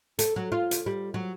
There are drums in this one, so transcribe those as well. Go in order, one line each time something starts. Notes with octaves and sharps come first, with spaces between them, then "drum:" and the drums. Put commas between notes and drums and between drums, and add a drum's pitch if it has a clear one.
A4, drum: hi-hat
F#3
F4
drum: hi-hat
G3
F#3